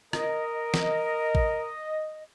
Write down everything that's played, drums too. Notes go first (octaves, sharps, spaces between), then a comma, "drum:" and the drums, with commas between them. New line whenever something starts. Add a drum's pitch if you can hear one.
A#4 D#5, drum: rim click
drum: snare
drum: kick A1